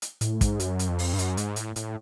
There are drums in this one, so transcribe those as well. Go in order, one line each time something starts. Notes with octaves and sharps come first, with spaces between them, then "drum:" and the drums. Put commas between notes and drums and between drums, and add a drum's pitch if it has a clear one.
drum: hi-hat
A2, drum: hi-hat
G#2, drum: kick, hi-hat
F#2, drum: hi-hat
drum: hi-hat
F2
drum: open hi-hat
G2
F#2, drum: hi-hat
G#2, drum: hi-hat
A2, drum: hi-hat
A2, drum: hi-hat